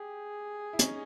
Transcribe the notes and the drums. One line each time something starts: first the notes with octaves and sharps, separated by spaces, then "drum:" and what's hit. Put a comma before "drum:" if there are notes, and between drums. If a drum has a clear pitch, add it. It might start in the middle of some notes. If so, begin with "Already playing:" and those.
Already playing: G4 G#4
E4
C#4 D#4, drum: hi-hat